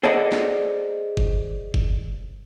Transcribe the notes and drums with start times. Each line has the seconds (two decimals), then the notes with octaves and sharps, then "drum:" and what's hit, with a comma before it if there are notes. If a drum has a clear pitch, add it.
0.03 G#4 A4 C5 D5 D#5 F#5
0.32 drum: snare
1.17 drum: kick F#1
1.74 drum: kick F#1